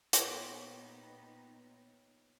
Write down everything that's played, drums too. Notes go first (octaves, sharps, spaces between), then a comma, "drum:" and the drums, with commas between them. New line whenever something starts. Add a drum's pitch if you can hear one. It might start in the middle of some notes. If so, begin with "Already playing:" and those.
A#2 B3 D#4 G4 C5 C#5 C6, drum: hi-hat